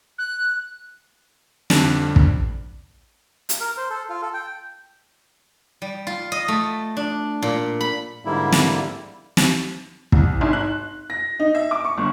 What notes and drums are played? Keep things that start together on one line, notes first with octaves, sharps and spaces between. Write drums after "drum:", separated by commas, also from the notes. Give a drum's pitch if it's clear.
F#6
F2 D3 G3 D4, drum: snare
drum: kick
drum: hi-hat
A#4
C5
A4
F4
A4
G5
G3
F4
D#5
A3
D4
A#2
B5
G#2 D3 G3 A#3 E4
drum: snare
drum: snare
C2, drum: kick
G#1
F#6
A#6
D#4
E5
D6
C#6
G1